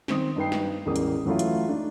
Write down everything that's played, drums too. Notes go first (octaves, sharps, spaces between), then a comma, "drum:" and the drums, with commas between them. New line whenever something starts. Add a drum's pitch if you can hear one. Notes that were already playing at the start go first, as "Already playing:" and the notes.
D#3 C4 D#6, drum: snare
G2 D#4 B4 G5 C7
drum: snare
A1 E2 G#3 A#4 D#6
drum: hi-hat
E3 F#3 A3 E4 F4
drum: hi-hat
A3 D4 D#4